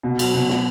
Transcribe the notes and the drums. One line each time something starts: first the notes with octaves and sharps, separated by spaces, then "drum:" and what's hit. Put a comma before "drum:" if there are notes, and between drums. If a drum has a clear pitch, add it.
B2
F#3, drum: cymbal
B2
F#3, drum: snare